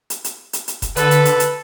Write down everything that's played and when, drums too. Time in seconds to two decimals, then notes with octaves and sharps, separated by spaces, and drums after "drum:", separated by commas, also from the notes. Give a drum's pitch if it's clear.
0.10 drum: hi-hat
0.24 drum: hi-hat
0.53 drum: hi-hat
0.68 drum: hi-hat
0.82 drum: kick F1, hi-hat
0.96 D3 A4 B4, drum: hi-hat
1.11 drum: hi-hat
1.25 drum: hi-hat
1.40 drum: hi-hat